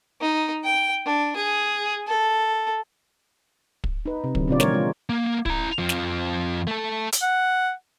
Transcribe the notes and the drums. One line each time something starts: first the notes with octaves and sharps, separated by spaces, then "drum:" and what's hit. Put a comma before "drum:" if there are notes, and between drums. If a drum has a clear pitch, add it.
D#4
G5
D4
G#4
A4
drum: kick
D#4 B4
C3
D3 F#3, drum: kick
A#2 C#3 C4 F4 D5
E3 F3 G#3 A#4 C#5, drum: snare
G#3 F4
A#3
E4 A#5, drum: kick
F2 F3
drum: snare
A3 A4
drum: hi-hat
F#5